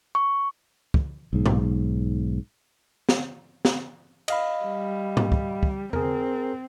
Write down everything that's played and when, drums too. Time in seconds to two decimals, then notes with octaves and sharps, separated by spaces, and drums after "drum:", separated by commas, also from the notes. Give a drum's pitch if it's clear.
0.15 C#6
0.94 drum: kick
1.33 B1 G#2
1.46 drum: tom G#2
3.09 drum: snare
3.65 drum: snare
4.28 D#5 F5 B5, drum: cymbal
4.64 G3
5.17 drum: tom G#2
5.32 drum: kick
5.63 drum: kick
5.93 C4 G#4 A#4, drum: tom E2